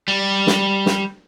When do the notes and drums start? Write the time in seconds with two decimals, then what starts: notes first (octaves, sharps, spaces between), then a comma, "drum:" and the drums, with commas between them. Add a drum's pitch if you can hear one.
0.08 G3
0.47 drum: snare
0.86 drum: snare